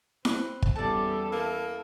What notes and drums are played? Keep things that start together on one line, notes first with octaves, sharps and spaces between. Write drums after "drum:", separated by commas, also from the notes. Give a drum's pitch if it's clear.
C4 B4, drum: snare E4
drum: kick
E2 G3 C#4 A4 D5 A5
E3 A#3